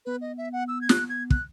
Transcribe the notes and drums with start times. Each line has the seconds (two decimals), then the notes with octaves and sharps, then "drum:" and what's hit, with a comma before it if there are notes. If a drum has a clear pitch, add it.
0.06 B3 B4
0.21 D#5
0.38 E5
0.53 F#5
0.68 E6
0.81 G#6
0.89 F#6, drum: snare
1.09 G#6
1.30 F#6, drum: kick